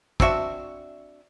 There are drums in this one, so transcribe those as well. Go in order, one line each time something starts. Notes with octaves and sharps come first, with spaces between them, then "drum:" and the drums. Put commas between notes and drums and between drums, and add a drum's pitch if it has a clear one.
C4 D4 F#4 E5, drum: kick